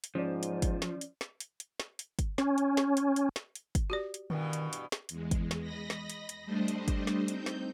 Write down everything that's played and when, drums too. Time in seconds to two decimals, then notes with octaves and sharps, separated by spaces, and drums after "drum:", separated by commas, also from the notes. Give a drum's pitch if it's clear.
0.04 drum: hi-hat
0.15 G#2 F3 C#4 D5
0.43 drum: hi-hat
0.62 drum: kick, hi-hat
0.82 drum: snare
1.01 drum: hi-hat
1.21 drum: snare
1.40 drum: hi-hat
1.60 drum: hi-hat
1.80 drum: snare
1.99 drum: hi-hat
2.19 drum: kick, hi-hat
2.38 C#4, drum: snare
2.58 drum: hi-hat
2.77 drum: snare
2.97 drum: hi-hat
3.16 drum: hi-hat
3.36 drum: snare
3.55 drum: hi-hat
3.75 drum: kick, hi-hat
3.90 F#4 G4 D5
4.14 drum: hi-hat
4.30 G2 B2 D#3 E3
4.53 drum: hi-hat
4.73 drum: hi-hat
4.92 drum: snare
5.09 E2 G#3, drum: hi-hat
5.31 drum: kick, hi-hat
5.51 drum: snare
5.61 D#5 B5 A#6
5.90 drum: snare
6.10 drum: hi-hat
6.29 drum: hi-hat
6.45 G3 A3 D4 C5 D#5
6.68 drum: hi-hat
6.88 drum: kick, hi-hat
7.07 drum: snare
7.28 C4 D#4 G6, drum: hi-hat
7.46 drum: snare